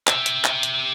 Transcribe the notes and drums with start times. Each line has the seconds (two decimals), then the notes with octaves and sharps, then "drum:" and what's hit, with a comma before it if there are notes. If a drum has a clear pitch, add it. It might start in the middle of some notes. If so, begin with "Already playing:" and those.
0.07 G4 E5, drum: clap
0.26 drum: hi-hat
0.45 drum: clap
0.63 drum: hi-hat